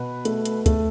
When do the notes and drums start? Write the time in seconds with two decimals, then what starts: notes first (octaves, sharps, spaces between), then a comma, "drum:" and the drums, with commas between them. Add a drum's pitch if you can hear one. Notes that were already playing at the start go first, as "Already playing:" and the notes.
Already playing: B2 B4
0.25 A3, drum: hi-hat
0.45 drum: hi-hat
0.66 A3, drum: kick, hi-hat